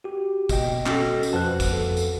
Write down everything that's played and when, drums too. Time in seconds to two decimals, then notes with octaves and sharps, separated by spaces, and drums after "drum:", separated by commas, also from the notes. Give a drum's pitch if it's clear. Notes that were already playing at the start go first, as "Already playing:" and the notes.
0.04 F#4 G4
0.49 B2 D#5 G5, drum: kick, tambourine
0.86 C#4 F#4 A4, drum: clap
1.23 drum: tambourine
1.33 F2 F#4 B4 C5 A5 F#6
1.60 drum: kick, tambourine
1.73 A4
1.97 drum: tambourine